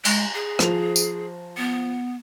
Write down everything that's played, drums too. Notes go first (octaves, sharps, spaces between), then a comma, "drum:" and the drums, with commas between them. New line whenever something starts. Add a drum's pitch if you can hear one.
G#3, drum: cymbal
G#4
F3 C5 F7, drum: rim click
drum: tambourine
B3